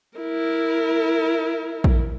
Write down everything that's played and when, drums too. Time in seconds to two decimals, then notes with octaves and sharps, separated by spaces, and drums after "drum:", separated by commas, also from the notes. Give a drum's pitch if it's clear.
0.18 E4 A#4
1.84 drum: kick